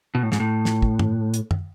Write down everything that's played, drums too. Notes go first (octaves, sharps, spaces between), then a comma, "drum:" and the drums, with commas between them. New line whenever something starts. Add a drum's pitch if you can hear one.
B2
A2
G#2, drum: snare
A2
drum: snare
drum: kick
drum: tom G2
drum: hi-hat
drum: tom F#2